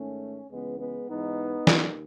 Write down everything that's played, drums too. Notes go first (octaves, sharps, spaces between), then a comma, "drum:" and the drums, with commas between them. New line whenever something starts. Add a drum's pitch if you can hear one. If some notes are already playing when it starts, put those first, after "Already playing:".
Already playing: G#2 D#3 A3 C#4
C#2 C#3 E3 G#3 B3
G#3 B3
G#2 E3 B3 D#4
D#2 D#3, drum: snare